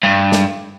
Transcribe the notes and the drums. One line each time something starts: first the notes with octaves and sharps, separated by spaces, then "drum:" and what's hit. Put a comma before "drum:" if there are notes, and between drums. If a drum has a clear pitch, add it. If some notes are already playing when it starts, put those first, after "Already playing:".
G2
drum: snare